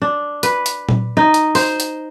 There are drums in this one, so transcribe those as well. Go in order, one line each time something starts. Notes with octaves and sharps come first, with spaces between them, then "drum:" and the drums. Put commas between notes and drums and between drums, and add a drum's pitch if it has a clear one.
D4
B4, drum: hi-hat
drum: hi-hat
drum: tom
D#4
drum: hi-hat
C5, drum: open hi-hat
drum: hi-hat